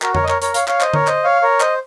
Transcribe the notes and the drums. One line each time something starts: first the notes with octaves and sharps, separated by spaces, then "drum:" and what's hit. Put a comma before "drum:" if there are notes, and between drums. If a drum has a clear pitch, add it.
F#4 A#4, drum: clap
A#4 C#5, drum: tom F2
D#5
A#4 C#5, drum: clap
A#4 C#5, drum: hi-hat
C#5 F5, drum: hi-hat
C#5 F5, drum: clap
C5 D#5, drum: clap
A#4 C#5, drum: tom D3
C5 D#5, drum: clap
C#5 F5
A#4 C#5
C5 D#5, drum: clap